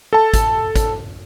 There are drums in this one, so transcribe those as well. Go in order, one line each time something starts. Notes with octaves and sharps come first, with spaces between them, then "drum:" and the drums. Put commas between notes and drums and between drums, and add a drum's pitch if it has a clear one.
A4 A5
drum: kick, hi-hat
drum: kick, hi-hat